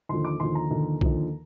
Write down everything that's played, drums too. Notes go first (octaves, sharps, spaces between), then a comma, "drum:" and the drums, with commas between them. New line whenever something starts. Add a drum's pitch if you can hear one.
D#2 D3 F3 C6
D6
D#2 D3 F3 C6
A#5
D#2 D3 F3
D#2 D3 F3, drum: kick B1